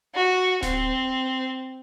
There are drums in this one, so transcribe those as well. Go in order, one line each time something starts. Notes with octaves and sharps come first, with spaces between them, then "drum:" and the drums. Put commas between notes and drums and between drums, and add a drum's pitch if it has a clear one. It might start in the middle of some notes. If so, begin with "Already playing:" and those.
F#4
C4, drum: snare D1